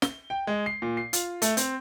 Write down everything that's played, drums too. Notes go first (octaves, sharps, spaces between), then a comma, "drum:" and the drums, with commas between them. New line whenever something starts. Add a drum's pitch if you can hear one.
G7, drum: snare
G5
G#3
C7
A#2
C7
F4, drum: hi-hat
A3, drum: hi-hat
C4, drum: hi-hat